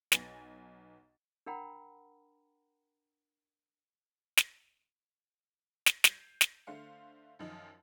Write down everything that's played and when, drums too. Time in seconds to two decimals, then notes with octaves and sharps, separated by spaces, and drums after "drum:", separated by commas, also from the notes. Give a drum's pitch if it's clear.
0.12 B1 B3 G#5 A6 A#6, drum: snare
1.46 D4 A#4 F#5 G5 A#5 B5
4.37 drum: snare
5.86 drum: snare
6.04 G6 G#6 C7, drum: snare
6.41 drum: snare
6.67 D3 A3 C5 F5 C#7
7.39 F#2 D#3 F3 D#4